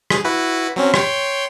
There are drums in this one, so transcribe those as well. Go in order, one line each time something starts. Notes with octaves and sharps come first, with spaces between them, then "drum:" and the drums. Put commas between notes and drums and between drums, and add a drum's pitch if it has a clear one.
G#4, drum: rim click
E4 F#4 B4
F#3 C4 C#4
C#5 G5 C6, drum: rim click